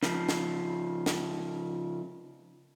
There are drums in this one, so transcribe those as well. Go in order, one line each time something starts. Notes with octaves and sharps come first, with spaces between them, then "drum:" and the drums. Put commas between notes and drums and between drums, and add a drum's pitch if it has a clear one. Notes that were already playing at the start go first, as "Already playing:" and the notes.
C#3 F3, drum: snare
drum: snare
drum: snare